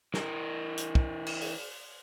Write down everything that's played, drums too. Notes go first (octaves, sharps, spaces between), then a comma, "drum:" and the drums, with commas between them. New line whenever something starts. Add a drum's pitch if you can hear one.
E3 A#4, drum: snare
drum: hi-hat
drum: kick
drum: cymbal
drum: open hi-hat